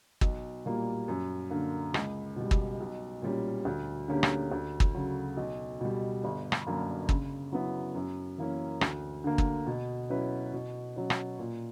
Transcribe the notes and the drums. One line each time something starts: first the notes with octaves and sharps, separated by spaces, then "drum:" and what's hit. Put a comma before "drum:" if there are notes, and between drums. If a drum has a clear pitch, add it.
B1, drum: kick
A#2 G3 A#3
F#2
D3 A#3
C#2, drum: rim click
B2 G3
drum: kick
B1
A#2 G3 C#4
D2
D3 A#3 C#4 G4
drum: rim click
D2
drum: kick
C#3 F#3
B1
B2 G3
G1
drum: rim click
F#2 D3 A#3 D4
C#3, drum: kick
F#3 B3 E4
F#2
E3 A#3 C#4
D2, drum: rim click
D3 A#3
drum: kick
B2
F#3 C#4 E4 B4
B2
F#3 C#4
drum: rim click
A#2